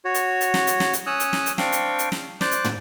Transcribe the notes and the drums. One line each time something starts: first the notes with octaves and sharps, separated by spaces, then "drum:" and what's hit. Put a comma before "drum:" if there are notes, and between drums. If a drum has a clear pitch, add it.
F#4 C#5
drum: hi-hat
drum: hi-hat
drum: snare
drum: hi-hat
drum: snare
drum: hi-hat
C#4 C#5 D#6 E6 F#6
drum: hi-hat
drum: snare
drum: hi-hat
C4 D4 F5 G5 C#6, drum: snare
drum: hi-hat
drum: hi-hat
drum: snare
C5 D5 D6 F#6, drum: snare
drum: hi-hat
drum: tom